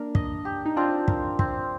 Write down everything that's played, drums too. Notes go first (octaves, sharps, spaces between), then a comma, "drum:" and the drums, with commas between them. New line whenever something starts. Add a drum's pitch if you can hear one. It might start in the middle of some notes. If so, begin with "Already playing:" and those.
Already playing: A#3 D4 A#4
D#5, drum: kick
G4
D#4
C4 D4 F4
A#4, drum: kick
C4, drum: kick